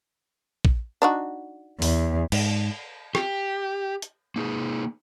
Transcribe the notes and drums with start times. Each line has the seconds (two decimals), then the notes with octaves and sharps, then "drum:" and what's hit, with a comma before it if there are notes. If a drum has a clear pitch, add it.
0.65 drum: kick
1.02 D4 D#4 F#4
1.82 E2, drum: open hi-hat
2.32 G#2, drum: cymbal
3.15 G4, drum: rim click
4.02 drum: hi-hat
4.36 A#3 D#4 G#4